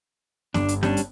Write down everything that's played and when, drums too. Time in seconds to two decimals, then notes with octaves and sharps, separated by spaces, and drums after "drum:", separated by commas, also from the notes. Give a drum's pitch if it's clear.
0.54 G1 D4, drum: snare
0.69 drum: hi-hat
0.83 G3 C#4 D4, drum: snare
0.97 drum: hi-hat